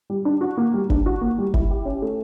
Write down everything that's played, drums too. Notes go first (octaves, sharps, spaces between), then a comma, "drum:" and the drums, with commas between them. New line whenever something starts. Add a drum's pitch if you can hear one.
G3
D4
F#4
A#3
G3
D4, drum: kick G1
F#4
A#3
G3
E4, drum: kick G1
G4
C#4
A3